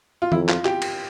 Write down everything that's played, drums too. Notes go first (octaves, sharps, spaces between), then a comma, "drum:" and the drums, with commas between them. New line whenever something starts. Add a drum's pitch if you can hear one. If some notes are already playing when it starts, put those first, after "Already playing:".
F4
F2 E4, drum: tom D#3
F4, drum: clap
G4, drum: clap
drum: cymbal